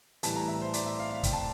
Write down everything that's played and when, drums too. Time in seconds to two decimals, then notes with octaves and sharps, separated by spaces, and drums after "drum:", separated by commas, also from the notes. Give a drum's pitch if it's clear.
0.23 A2 E3 G3 A5, drum: hi-hat
0.36 A#5
0.48 E5
0.62 C5
0.73 D5, drum: hi-hat
0.86 E5
0.99 F5
1.11 F5
1.23 G5, drum: kick, hi-hat
1.33 A5